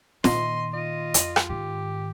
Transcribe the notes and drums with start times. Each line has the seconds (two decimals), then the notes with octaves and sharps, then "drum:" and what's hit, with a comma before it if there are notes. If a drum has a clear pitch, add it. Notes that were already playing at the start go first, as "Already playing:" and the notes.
0.24 A#2 D#3 D#5 C6, drum: snare
0.73 F4 D#5
1.14 F2, drum: hi-hat
1.36 drum: rim click
1.49 G#2 D#3 G4